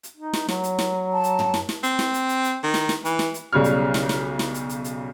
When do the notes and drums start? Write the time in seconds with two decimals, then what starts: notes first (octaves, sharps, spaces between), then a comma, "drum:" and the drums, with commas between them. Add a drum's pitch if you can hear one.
0.03 drum: hi-hat
0.17 D#4
0.33 drum: snare
0.49 F#3, drum: snare
0.64 drum: hi-hat
0.79 drum: snare
1.13 A5
1.24 drum: hi-hat
1.39 drum: tom
1.54 drum: snare
1.69 drum: snare
1.83 C4, drum: hi-hat
1.99 drum: snare
2.14 drum: hi-hat
2.29 drum: hi-hat
2.44 drum: hi-hat
2.63 D#3
2.74 drum: snare
2.89 drum: snare
3.05 E3, drum: hi-hat
3.19 drum: snare
3.34 drum: hi-hat
3.53 B1 C#3 G3 C#5 F6
3.64 drum: hi-hat
3.94 drum: snare
4.09 drum: snare
4.39 drum: snare
4.54 drum: hi-hat
4.69 drum: hi-hat
4.84 drum: hi-hat